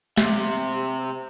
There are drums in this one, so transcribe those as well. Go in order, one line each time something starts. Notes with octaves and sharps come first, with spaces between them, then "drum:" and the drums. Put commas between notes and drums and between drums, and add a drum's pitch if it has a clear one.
C3 E5, drum: snare